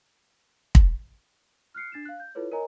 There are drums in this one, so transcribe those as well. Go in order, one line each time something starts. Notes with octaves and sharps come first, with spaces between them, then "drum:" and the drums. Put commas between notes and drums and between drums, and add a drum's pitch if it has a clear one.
drum: kick
F6 F#6 C7 C#7
D4 A6 C7 E7
F5 F#6
G6
E4 F4 A4 B4 C#5
A#4 C#5 D#5 G#5 A#5